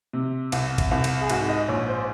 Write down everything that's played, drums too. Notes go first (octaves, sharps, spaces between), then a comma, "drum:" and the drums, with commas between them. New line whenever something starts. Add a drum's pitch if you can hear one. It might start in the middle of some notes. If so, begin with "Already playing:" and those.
C3
C2, drum: cymbal
drum: kick, cymbal
C2
drum: cymbal
G#4
G#2 F#4, drum: cymbal
D#5
A#1 C#5
C5